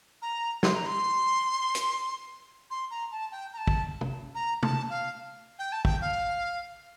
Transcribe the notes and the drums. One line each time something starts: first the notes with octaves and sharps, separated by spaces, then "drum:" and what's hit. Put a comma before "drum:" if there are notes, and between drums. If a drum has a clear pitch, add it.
A#5
C6, drum: snare
A#5
C6
drum: hi-hat
C6
A#5
A5
G5
A#5
A5
drum: kick
drum: tom
A#5
A5, drum: tom
F5
G5
A5
G5, drum: kick
F5